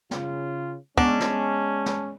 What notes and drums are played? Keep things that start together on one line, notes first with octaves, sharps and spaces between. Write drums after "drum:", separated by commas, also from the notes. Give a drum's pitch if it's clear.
C#3 F4, drum: snare
G#3 B3 C#4 D4 D5 F#5, drum: kick
drum: snare
drum: snare